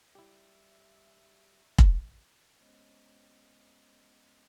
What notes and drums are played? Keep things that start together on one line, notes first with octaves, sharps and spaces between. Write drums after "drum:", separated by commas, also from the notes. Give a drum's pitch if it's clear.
G3 E4 G4 E5
drum: kick
G#3 B3 C#4 C5 C#5 D#5